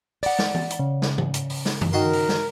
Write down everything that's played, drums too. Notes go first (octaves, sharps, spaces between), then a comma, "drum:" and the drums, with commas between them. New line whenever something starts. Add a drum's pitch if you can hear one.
D5 F#5 A6, drum: open hi-hat
drum: snare
drum: tom E3
drum: hi-hat
C#3
drum: snare
drum: tom G#2
drum: hi-hat
drum: open hi-hat
drum: snare
drum: tom F#2
D#3 F#4 A#4 C6
drum: open hi-hat
drum: snare